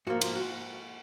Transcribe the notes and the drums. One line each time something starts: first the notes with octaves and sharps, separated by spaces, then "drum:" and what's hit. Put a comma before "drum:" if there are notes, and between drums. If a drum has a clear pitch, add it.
G#2 F3 A#3 F#4
F4, drum: cymbal
F#4